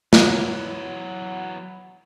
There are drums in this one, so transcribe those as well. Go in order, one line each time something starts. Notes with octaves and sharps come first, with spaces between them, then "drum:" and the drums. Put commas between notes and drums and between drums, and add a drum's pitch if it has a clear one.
E3 F#3, drum: snare